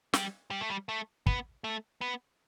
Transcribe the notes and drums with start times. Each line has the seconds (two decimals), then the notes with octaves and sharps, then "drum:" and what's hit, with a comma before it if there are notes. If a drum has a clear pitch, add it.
0.13 G3, drum: snare
0.51 G3
0.61 A3
0.70 G3
0.89 A3
1.27 B3, drum: kick
1.64 A3
2.01 B3